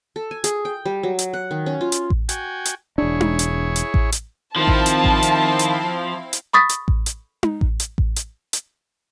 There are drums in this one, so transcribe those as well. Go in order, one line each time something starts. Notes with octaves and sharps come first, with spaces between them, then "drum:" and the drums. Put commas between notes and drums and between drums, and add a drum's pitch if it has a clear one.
A4
G#5
G#4, drum: hi-hat
G5
G3
F#3
drum: hi-hat
F#5
D#3
C#4
F4
drum: hi-hat
drum: kick A1
F#4 G5 G#5, drum: hi-hat
drum: hi-hat
E1 D4 E4 G#4 C#5
drum: tom D#4
drum: hi-hat
drum: hi-hat
drum: kick A1
drum: hi-hat
D#3 F3 C4 E4 F5 A5
drum: kick A1
drum: hi-hat
drum: kick A1
drum: hi-hat
drum: hi-hat
drum: hi-hat
B5 C#6 D#6 A6 B6
drum: hi-hat
drum: kick A1
drum: hi-hat
drum: tom D#4
drum: kick A1
drum: hi-hat
drum: kick A1
drum: hi-hat
drum: hi-hat